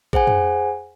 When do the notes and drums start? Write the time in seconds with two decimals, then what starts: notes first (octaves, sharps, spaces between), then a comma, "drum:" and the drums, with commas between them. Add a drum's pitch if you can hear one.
0.13 G#4 C5 F#5 G#5, drum: kick A#1
0.27 drum: tom